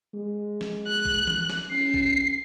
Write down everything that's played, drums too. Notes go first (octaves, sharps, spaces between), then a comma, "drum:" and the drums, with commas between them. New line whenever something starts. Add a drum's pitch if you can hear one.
G#3
drum: snare
F#6
drum: kick A#1
drum: tom E3
drum: snare
C#4 C7
drum: kick A#1